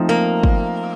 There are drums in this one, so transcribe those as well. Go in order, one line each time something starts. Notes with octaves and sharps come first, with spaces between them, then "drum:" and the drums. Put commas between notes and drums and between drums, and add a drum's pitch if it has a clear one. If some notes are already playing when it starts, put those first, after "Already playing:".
Already playing: F3 A3 C4 D#4
A#3
drum: kick